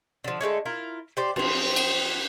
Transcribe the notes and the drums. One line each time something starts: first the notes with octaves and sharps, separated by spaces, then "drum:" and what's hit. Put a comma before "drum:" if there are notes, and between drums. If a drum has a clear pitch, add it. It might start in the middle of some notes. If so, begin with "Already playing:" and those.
D3 F3
D3 G#3 A3 C#4
E4 F4 A#4
G4 C5 D5
F3 C4, drum: cymbal
drum: cymbal